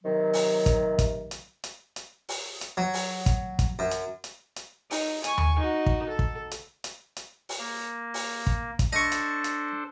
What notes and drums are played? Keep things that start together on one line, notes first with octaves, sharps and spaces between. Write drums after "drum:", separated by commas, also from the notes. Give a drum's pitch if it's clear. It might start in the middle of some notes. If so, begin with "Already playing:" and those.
C3 D#3 F#3
drum: open hi-hat
drum: kick, hi-hat
drum: kick, hi-hat
drum: hi-hat
drum: hi-hat
drum: hi-hat
drum: open hi-hat
drum: hi-hat
F#3
drum: open hi-hat
drum: kick, hi-hat
drum: kick, hi-hat
F#2
drum: hi-hat
drum: hi-hat
drum: hi-hat
D#4, drum: open hi-hat
G#5 C#6, drum: hi-hat
drum: tom D#2
D#4 F#4
drum: kick
A4
drum: kick
drum: hi-hat
drum: hi-hat
drum: hi-hat
drum: open hi-hat
A#3
drum: open hi-hat
drum: kick
drum: kick, hi-hat
D4 A4 C5 D#5 C#6
drum: hi-hat
drum: hi-hat